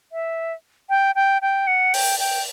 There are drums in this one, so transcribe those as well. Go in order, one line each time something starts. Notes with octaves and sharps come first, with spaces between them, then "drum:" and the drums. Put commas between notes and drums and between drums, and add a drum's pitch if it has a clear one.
E5
G5
G5
G5
F#5
G5, drum: open hi-hat
G5